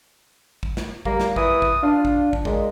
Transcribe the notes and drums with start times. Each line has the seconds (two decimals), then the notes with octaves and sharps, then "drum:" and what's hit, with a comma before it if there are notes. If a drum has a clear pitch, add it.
0.63 drum: kick
0.77 drum: snare
1.05 G3 A#3, drum: kick
1.20 drum: snare
1.36 E3 D#6, drum: kick
1.62 drum: kick
1.83 D4 F4
2.05 drum: kick
2.33 drum: kick
2.45 A#2 G#3, drum: kick